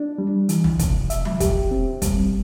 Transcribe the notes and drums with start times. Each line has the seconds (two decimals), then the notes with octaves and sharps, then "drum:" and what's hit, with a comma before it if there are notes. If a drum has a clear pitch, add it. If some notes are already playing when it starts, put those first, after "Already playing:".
Already playing: D4
0.18 G3
0.49 E3, drum: hi-hat
0.64 drum: tom
0.79 C3, drum: kick, hi-hat
1.10 E5, drum: hi-hat
1.25 drum: tom F3
1.40 G4, drum: kick, hi-hat
1.71 C4
2.02 G3, drum: kick, hi-hat